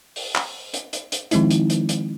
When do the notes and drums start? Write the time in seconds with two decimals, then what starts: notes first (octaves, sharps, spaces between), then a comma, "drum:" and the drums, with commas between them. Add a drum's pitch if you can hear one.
0.16 drum: open hi-hat
0.35 drum: clap
0.74 drum: hi-hat
0.93 drum: hi-hat
1.12 drum: hi-hat
1.31 D#3 F3 G#3 C4 D#4 E4, drum: hi-hat
1.51 drum: hi-hat
1.70 drum: hi-hat
1.89 drum: hi-hat